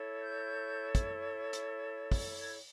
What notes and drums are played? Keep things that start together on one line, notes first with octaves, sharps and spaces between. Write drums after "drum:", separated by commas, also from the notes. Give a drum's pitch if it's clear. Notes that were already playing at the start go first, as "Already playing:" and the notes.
Already playing: E4 A4 C#5
G6
drum: kick, hi-hat
drum: hi-hat
drum: kick, open hi-hat
G#6